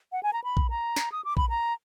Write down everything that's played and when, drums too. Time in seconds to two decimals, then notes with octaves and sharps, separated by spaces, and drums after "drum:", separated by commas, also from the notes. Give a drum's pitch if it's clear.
0.12 F#5
0.23 G#5
0.33 A#5
0.44 B5
0.57 drum: kick A#1
0.70 A#5
0.96 drum: snare
1.12 D#6
1.25 D6
1.37 B5, drum: kick A#1
1.49 A#5